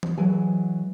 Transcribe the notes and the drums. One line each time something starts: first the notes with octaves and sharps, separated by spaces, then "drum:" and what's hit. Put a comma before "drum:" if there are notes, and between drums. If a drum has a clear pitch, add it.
drum: tom E3
E3 F#3 G#3 G#5